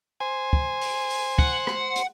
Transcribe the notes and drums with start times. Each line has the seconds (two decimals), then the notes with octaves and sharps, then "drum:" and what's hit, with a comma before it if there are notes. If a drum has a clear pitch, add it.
0.21 C5 G#5
0.53 drum: kick
0.81 drum: open hi-hat
1.10 drum: open hi-hat
1.39 F#5, drum: kick
1.67 drum: rim click
1.96 drum: hi-hat